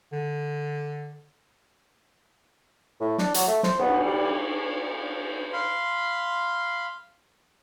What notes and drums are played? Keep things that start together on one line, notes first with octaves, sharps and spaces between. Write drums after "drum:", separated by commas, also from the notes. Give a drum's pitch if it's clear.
D3
A2
D4, drum: snare
F#3, drum: hi-hat
A3
C5, drum: snare
B3, drum: cymbal
G3
F5 B5 C6